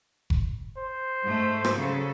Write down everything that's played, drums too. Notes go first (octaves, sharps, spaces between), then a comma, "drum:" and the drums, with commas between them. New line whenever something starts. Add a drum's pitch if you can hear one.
drum: kick F1
C5
G#2 A3
drum: rim click
C#3 F#3 A4